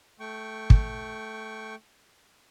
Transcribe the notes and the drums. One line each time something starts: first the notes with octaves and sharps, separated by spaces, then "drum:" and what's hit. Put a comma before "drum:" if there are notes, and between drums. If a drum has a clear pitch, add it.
A3 G5 C#6
drum: kick